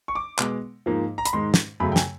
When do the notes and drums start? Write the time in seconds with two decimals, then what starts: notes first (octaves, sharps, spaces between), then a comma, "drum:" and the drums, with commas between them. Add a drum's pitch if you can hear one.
0.08 C#6
0.15 D6
0.39 B2 G#3, drum: clap
0.86 G#2 F3 A#3
1.18 A#5
1.25 B5, drum: hi-hat
1.33 G#2 D#3 G#3 C6
1.54 drum: snare
1.80 F#2 C#3 F#3 A3 B5
1.92 G5
1.96 G#5, drum: snare